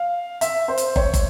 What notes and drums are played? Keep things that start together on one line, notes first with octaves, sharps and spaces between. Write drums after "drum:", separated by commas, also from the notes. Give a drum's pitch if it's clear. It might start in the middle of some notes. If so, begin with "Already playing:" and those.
Already playing: F5
E5, drum: hi-hat
C5
drum: hi-hat
C#5, drum: kick
drum: kick, hi-hat